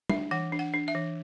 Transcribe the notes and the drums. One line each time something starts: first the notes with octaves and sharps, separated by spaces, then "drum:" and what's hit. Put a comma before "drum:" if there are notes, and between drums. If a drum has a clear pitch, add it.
D4 E5, drum: tom G3
E3 F#5
D4
F#5
D4
E5
E3